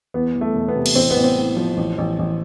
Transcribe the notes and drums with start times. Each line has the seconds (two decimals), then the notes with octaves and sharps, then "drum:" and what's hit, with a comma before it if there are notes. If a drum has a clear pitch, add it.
0.14 E2 B3
0.35 E2
0.41 A3
0.55 E1
0.69 B3
0.75 C3
0.86 drum: cymbal
0.95 A1 C4
1.11 B3
1.16 A1
1.24 C4
1.37 A2
1.57 F3
1.77 A1
1.98 A1
2.19 A1